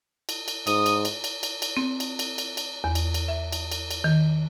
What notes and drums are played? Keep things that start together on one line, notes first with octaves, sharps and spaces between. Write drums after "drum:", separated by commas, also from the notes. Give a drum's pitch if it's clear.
drum: cymbal
drum: cymbal
G#2 D#6, drum: cymbal
drum: cymbal
drum: cymbal
drum: cymbal
drum: cymbal
drum: cymbal
C4
drum: cymbal
drum: cymbal
drum: cymbal
drum: cymbal
E2
drum: cymbal
drum: cymbal
E5
drum: cymbal
drum: cymbal
drum: cymbal
D#3